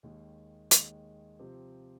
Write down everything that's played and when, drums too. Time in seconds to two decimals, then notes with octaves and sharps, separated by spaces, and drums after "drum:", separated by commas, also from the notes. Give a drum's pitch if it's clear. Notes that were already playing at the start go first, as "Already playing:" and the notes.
0.03 D#2 D#3 G#3
0.71 D#2 D#3 G#3, drum: hi-hat
1.39 C3 F3 C4 G4